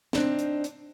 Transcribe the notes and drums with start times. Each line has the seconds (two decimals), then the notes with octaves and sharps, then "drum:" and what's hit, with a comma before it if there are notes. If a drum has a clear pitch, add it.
0.13 C4 D4 D#4, drum: snare
0.39 drum: hi-hat
0.64 drum: hi-hat